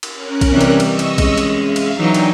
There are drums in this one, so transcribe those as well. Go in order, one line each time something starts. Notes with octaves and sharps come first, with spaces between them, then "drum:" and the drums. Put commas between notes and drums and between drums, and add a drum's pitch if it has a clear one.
drum: cymbal
C#4 A#4 F#6
drum: kick B1, cymbal
C3 E3 G3
drum: cymbal
D#5 C#6 E6, drum: cymbal
drum: cymbal
G#3 C#4, drum: kick B1, cymbal
drum: cymbal
E5 F5
drum: cymbal
E3 F#3 D4 D#4 G5 G#5
drum: cymbal